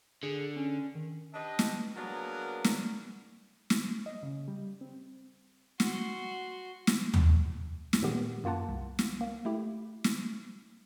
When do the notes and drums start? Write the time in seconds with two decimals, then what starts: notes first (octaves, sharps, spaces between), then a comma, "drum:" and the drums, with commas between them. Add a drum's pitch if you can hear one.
0.23 D3 G#4
0.56 C#4
0.95 D#3
1.34 D4 G4 B4 D#5
1.59 drum: snare
1.96 F#3 A#3 B3 D4 G#4 A#4
2.64 drum: snare
3.70 drum: snare
4.06 D#5
4.23 C#3
4.48 G3
4.81 C4
5.80 F#4 C6, drum: snare
6.87 drum: snare
7.14 drum: tom D#2
7.93 drum: snare
8.02 A#2 D#3 G#3 B3 G4
8.44 F#2 A#3 F4 F#5 A5
8.69 C2
8.99 drum: snare
9.21 A#3
9.45 A3 E4 G4
10.04 drum: snare